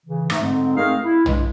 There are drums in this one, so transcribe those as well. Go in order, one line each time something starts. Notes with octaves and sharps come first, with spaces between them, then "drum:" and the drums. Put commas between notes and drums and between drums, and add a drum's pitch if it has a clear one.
C#3 E3
G#2 A3, drum: rim click
G#2 D3 G#3 C4
A3 C4 D#4 G#4 A#4 F5
E4
G2 G#3, drum: tom